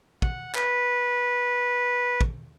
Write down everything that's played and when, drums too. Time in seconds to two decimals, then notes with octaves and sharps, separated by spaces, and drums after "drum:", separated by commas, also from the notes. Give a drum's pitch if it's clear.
0.22 F#5, drum: kick
0.55 B4, drum: clap
2.21 drum: kick